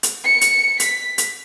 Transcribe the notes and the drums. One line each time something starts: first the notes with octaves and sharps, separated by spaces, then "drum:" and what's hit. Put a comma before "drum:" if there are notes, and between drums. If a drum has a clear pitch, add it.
drum: hi-hat
C#7
drum: hi-hat
B6, drum: hi-hat
drum: hi-hat